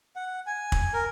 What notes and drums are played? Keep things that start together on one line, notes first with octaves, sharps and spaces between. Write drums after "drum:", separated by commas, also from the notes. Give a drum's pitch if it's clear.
F#5
G#5
drum: kick
A#4